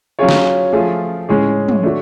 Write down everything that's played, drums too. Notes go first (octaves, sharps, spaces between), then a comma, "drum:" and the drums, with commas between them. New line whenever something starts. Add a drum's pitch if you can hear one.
F#3 C#4 F4 G#4 C#5
drum: snare
F3 A3 F4 G#4
A2 G#3 C#4 G#4
drum: tom
A3 D4 F#4